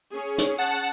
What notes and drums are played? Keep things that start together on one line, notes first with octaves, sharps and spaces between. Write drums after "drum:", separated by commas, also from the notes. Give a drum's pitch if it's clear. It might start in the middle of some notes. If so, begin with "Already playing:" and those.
C#4 G#4 C#5
drum: hi-hat
F#5 A5